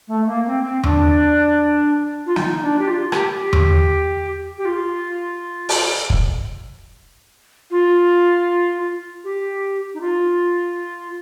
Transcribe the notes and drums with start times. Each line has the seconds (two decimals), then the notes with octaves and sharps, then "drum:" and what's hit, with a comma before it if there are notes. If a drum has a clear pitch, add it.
0.08 A3
0.26 A#3
0.46 C4
0.64 C4
0.83 D4, drum: tom E2
2.26 F4
2.36 D#4, drum: snare
2.62 D4
2.79 G4
2.87 F4
3.12 G4, drum: rim click
3.38 G4
3.53 drum: tom E2
4.58 G4
4.65 F4
5.69 drum: open hi-hat
6.10 drum: kick
7.71 F4
9.24 G4
9.94 D#4
10.01 F4